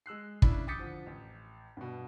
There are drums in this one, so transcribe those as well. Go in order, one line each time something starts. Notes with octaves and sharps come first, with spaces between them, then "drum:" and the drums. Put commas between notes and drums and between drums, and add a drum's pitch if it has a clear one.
G#3 E6 F#6 C7
C#3 D4 E4 B5, drum: kick
D6 D#6 G6 A6 B6 C#7
D3 F3
A1
G2 B2